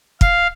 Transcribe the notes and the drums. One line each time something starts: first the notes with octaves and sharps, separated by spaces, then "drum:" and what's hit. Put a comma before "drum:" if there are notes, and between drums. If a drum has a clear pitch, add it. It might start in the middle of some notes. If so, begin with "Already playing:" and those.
F5, drum: kick